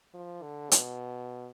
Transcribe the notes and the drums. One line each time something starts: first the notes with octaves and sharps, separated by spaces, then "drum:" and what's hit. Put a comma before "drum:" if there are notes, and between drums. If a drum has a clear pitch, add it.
F3
D3
B2, drum: hi-hat